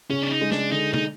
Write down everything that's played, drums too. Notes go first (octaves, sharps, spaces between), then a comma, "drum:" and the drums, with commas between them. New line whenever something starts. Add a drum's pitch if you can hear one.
C#3 C#4
D4
D#4
G#3
D4, drum: snare
D3 D#4
D#4, drum: tom